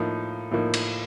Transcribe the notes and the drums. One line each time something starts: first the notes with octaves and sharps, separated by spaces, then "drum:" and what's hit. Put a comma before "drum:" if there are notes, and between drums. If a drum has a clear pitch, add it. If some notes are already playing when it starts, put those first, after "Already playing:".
Already playing: A2 F3 A#3 D#4
A2 F3 A#3 D#4
drum: cymbal